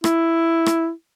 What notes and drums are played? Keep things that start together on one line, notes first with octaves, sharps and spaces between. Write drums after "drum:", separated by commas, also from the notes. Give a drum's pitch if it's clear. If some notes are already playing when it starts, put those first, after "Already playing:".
E4, drum: rim click
drum: rim click